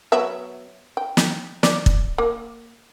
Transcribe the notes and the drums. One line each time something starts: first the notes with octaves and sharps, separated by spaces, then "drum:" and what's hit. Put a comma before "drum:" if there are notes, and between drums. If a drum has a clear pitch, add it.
F#3 B3 E5
G5
drum: snare
D5, drum: snare
drum: kick
A#3